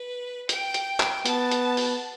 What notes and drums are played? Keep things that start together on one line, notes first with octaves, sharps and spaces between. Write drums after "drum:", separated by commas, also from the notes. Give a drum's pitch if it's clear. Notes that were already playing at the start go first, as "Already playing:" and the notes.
Already playing: B4
G5, drum: hi-hat
drum: hi-hat
drum: clap
B3 A5, drum: hi-hat
drum: hi-hat
drum: open hi-hat